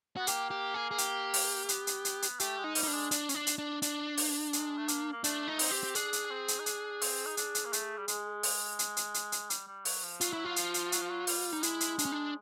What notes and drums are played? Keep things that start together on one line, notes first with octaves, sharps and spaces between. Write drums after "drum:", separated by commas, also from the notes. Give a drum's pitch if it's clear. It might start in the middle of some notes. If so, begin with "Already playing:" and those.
B3 F#4
A#3 G4, drum: hi-hat
G4
G#4
G#4
G4, drum: hi-hat
drum: open hi-hat
A#3
B3, drum: hi-hat
drum: hi-hat
drum: hi-hat
drum: hi-hat
A3 G4, drum: hi-hat
G#3
D#4
G3, drum: open hi-hat
D#4
D4
G#3
D4, drum: hi-hat
C#4, drum: hi-hat
D4
drum: hi-hat
D4
D4, drum: hi-hat
drum: open hi-hat
G#3, drum: hi-hat
A3
A#3, drum: hi-hat
A#3
A3 D4, drum: hi-hat
D#4
C4, drum: open hi-hat
G4
G4
D4 G#4, drum: hi-hat
drum: hi-hat
C4
drum: hi-hat
D#4
D4, drum: hi-hat
C4, drum: open hi-hat
D#4
D4, drum: hi-hat
drum: hi-hat
A#3
A3, drum: hi-hat
G3
G#3, drum: hi-hat
drum: open hi-hat
drum: hi-hat
drum: hi-hat
drum: hi-hat
drum: hi-hat
G3, drum: hi-hat
G3
F#3, drum: open hi-hat
F3
F#3 F4, drum: hi-hat
E4
F4
F3, drum: hi-hat
drum: hi-hat
F#3, drum: hi-hat
F3
F#3
G3, drum: open hi-hat
D#4
G#3 E4, drum: hi-hat
drum: hi-hat
D4, drum: hi-hat
C#4
D4